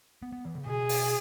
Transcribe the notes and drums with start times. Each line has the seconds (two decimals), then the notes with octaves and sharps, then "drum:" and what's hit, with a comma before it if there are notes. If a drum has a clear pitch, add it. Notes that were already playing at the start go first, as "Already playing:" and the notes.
0.22 B3
0.33 B3
0.45 E3
0.55 C#3
0.66 B2 G#4
0.89 drum: open hi-hat